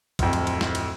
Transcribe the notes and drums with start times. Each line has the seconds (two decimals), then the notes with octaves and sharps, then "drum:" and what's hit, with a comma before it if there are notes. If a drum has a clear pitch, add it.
0.19 D1 F2, drum: kick, cymbal
0.33 drum: cymbal
0.47 drum: cymbal
0.61 drum: snare
0.75 drum: cymbal